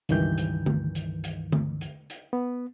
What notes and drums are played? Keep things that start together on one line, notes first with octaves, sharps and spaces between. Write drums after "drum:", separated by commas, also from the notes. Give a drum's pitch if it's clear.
C#2 G2 D#3 E3 G6, drum: hi-hat
drum: hi-hat
drum: tom D3
drum: hi-hat
drum: hi-hat
drum: tom D3
drum: hi-hat
drum: hi-hat
B3